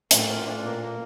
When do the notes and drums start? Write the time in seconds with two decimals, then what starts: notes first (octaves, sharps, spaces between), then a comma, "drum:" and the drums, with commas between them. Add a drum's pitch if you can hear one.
0.11 A2 A#3, drum: hi-hat
0.29 F4
0.46 D4
0.63 A#2 A#3
0.81 A#3